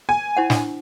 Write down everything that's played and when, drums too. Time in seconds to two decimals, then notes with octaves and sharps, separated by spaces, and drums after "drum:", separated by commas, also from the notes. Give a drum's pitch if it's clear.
0.09 G#5
0.37 E4 C5 F#5
0.50 D4, drum: snare